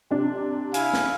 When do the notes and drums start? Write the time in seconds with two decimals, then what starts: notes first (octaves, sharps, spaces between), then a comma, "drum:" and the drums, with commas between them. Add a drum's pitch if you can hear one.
0.10 C3 D4
0.74 E4 F5 G#5, drum: hi-hat
0.93 drum: snare